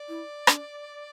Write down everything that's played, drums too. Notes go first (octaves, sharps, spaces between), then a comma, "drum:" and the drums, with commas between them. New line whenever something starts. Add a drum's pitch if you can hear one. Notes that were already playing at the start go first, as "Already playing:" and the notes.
Already playing: D5
E4
D4, drum: rim click